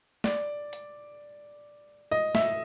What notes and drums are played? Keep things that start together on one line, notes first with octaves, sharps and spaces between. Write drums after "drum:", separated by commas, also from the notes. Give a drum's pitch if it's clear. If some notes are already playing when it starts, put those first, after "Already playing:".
D5, drum: snare
drum: hi-hat
D#5
E5, drum: snare